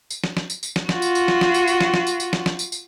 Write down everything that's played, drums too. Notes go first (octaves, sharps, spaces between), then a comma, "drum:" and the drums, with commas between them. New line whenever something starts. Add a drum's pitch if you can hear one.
drum: tambourine
drum: snare
drum: snare
drum: tambourine
drum: tambourine
drum: snare
F4 F#4, drum: snare
drum: tambourine
drum: tambourine
drum: snare
drum: snare
drum: tambourine
drum: tambourine
drum: snare
drum: snare
drum: tambourine
drum: tambourine
drum: snare
drum: snare
drum: tambourine
drum: tambourine